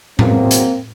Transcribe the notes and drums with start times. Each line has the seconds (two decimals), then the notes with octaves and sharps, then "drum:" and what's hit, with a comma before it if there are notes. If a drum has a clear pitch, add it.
0.19 E2 B2 F#3 A#3 C4, drum: tom A2
0.51 drum: hi-hat